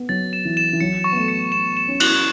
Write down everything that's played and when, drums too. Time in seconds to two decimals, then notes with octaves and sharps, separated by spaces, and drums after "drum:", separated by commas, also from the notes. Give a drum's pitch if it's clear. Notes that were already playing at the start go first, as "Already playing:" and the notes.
Already playing: B3
0.09 F#3 A6
0.33 E7
0.45 E3
0.57 E7
0.73 E3
0.80 F#3 C#7
1.04 C#6
1.12 B3
1.17 A3
1.28 C#7
1.52 B3 E7
1.77 E7
1.88 C#4
2.00 F#6, drum: cymbal